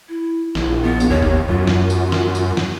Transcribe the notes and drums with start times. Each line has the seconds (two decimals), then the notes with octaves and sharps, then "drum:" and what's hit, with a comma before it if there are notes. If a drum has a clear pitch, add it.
0.09 E4
0.55 A#1 E4, drum: snare
0.82 B3
1.00 drum: tambourine
1.10 D#2 C#5
1.23 drum: kick
1.49 F#2 F4
1.67 drum: snare
1.90 drum: tambourine
2.12 drum: snare
2.35 drum: tambourine
2.57 drum: snare